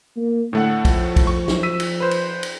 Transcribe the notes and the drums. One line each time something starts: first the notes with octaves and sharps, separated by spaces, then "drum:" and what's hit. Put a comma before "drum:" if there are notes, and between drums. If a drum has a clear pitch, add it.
A#3
A2 D3 A3 F#5
F3, drum: kick, cymbal
drum: kick, cymbal
C#6
drum: snare
E6 B6 D#7
drum: cymbal
B4 C5
drum: cymbal
drum: cymbal